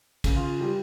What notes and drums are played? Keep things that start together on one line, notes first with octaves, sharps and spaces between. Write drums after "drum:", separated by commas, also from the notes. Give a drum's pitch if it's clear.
C#3, drum: kick, cymbal
F4
G3